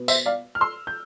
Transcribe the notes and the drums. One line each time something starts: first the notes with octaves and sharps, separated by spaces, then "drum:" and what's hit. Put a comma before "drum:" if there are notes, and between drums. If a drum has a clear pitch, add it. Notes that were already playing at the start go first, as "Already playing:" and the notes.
Already playing: B2 B3
C5 E5, drum: tambourine
D5 F5
F6
C6 E6
G6